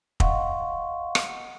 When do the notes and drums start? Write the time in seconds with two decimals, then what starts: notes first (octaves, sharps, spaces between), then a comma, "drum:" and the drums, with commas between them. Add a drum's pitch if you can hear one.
0.20 D#5 F5 F#5 C6 C#6, drum: kick
1.15 drum: rim click